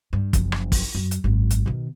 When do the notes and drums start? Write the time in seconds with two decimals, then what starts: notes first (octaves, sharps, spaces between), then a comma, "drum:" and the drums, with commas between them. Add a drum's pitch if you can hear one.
0.13 G2
0.33 F#1 F3, drum: kick, hi-hat
0.52 drum: rim click
0.72 drum: kick, open hi-hat
0.95 F#2
1.11 drum: hi-hat
1.24 G#1 F#2
1.50 drum: hi-hat
1.66 B2 D#3